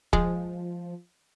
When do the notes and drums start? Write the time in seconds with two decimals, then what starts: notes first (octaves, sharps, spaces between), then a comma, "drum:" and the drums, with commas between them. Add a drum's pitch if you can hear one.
0.13 F3 G#3, drum: kick